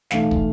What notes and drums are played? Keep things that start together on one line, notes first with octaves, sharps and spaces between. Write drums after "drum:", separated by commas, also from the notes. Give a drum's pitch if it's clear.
B1 A2 E3 A3 F5, drum: snare
drum: kick